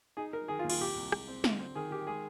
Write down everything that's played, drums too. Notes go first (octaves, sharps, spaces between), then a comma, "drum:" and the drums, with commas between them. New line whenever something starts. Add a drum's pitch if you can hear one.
D#4 G#4
D#4 A#4
D#3 G#4
F4
D#2
F4, drum: cymbal
C2 G4
C2
G#3, drum: rim click
C4
D3, drum: snare
C4
D#3 G#4
D#3 G4
G#3 G#4